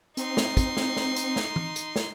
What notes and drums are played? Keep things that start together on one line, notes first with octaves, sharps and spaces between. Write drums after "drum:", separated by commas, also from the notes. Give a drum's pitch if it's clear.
C4 D#4 C6, drum: hi-hat
drum: snare
drum: kick, hi-hat
drum: snare
drum: snare
drum: hi-hat
drum: snare
drum: tom E3
drum: hi-hat
drum: snare